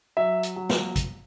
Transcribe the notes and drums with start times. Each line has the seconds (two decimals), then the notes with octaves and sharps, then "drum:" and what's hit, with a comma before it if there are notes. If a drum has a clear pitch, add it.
0.17 F#3 E5
0.43 drum: hi-hat
0.56 F#3
0.69 drum: snare
0.96 drum: kick, hi-hat